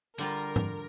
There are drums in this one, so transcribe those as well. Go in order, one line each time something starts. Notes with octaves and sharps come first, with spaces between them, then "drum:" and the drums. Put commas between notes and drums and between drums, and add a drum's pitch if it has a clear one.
D3 G3 F4 A#4, drum: hi-hat
drum: tom G#2